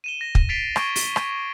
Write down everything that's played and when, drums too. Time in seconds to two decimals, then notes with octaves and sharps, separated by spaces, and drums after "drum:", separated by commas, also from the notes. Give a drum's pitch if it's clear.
0.04 D#7 E7 G7
0.21 A#6
0.35 drum: kick
0.49 A6 B6 C7 D7 F7 G7
0.76 C#6 D6 G#6 D7 G7, drum: rim click
0.96 G7, drum: open hi-hat
1.16 drum: rim click